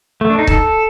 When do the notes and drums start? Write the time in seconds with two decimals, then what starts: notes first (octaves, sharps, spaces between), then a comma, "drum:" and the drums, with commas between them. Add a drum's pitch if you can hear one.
0.21 A3
0.30 D4
0.39 D#4
0.47 A4, drum: kick C#1